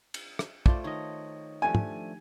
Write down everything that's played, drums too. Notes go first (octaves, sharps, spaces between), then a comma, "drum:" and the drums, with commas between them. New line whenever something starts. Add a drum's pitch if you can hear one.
drum: cymbal
drum: rim click
A3 F4 C5 D5, drum: kick
D#3 D#4 C#5 D#5
F3 A3 D4 G4 G#5
drum: tom G#2